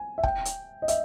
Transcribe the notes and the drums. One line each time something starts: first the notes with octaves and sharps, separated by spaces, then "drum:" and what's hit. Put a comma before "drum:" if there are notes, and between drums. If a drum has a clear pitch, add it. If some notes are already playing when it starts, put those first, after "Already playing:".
Already playing: G#5
E5
G5, drum: kick
drum: hi-hat
D#5
E5, drum: hi-hat